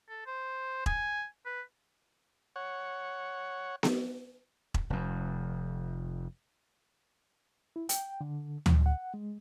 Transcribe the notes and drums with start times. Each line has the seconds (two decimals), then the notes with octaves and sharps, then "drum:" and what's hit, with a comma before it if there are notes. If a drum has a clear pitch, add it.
0.09 A4
0.26 C5
0.86 G#5, drum: kick E1
1.46 B4
2.56 C#5 F#5
3.83 drum: snare B3
4.74 drum: kick E1
4.90 F1 F2
7.76 E4
7.89 G5, drum: hi-hat
8.21 D3
8.66 F3, drum: tom D2
8.86 F#5
9.14 G#3